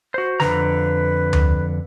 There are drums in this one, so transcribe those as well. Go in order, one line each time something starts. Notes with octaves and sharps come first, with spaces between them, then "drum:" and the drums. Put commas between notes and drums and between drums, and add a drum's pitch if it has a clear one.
F#4 C5
F2 D3 B4 A#5, drum: snare
drum: tom D2